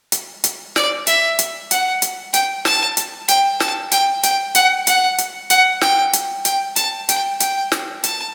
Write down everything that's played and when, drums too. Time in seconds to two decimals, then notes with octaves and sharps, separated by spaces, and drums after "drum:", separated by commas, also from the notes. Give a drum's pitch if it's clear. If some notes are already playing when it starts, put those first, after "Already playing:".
0.12 drum: hi-hat
0.44 drum: hi-hat
0.76 D5, drum: snare
1.07 E5, drum: hi-hat
1.39 drum: hi-hat
1.71 F#5, drum: hi-hat
2.02 drum: hi-hat
2.34 G5, drum: hi-hat
2.65 A5, drum: snare
2.97 drum: hi-hat
3.28 G5, drum: hi-hat
3.60 A5, drum: snare
3.92 G5, drum: hi-hat
4.23 G5, drum: hi-hat
4.55 F#5, drum: hi-hat
4.87 F#5, drum: hi-hat
5.18 drum: hi-hat
5.50 F#5, drum: hi-hat
5.81 G5, drum: snare
6.13 drum: hi-hat
6.45 G5, drum: hi-hat
6.76 A5, drum: hi-hat
7.09 G5, drum: hi-hat
7.40 G5, drum: hi-hat
7.72 drum: snare
8.04 A5, drum: hi-hat